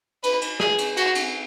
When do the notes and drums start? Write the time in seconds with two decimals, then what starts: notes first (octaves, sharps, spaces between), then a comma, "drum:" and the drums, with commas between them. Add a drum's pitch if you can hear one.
0.24 B4, drum: cymbal
0.41 drum: cymbal
0.60 G#4, drum: rim click
0.78 drum: cymbal
0.97 F#4, drum: cymbal
1.15 drum: cymbal